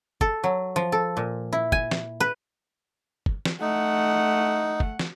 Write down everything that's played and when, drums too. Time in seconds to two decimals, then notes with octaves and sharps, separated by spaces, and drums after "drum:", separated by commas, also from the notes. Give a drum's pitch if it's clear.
0.21 A4, drum: kick
0.44 F#3
0.76 F3
0.92 A4
1.17 A#2
1.53 E4
1.72 G#5, drum: kick
1.91 drum: snare
2.20 B4
3.26 drum: kick
3.45 drum: snare
3.61 A3 D#4 F#5
4.80 drum: kick
4.99 drum: snare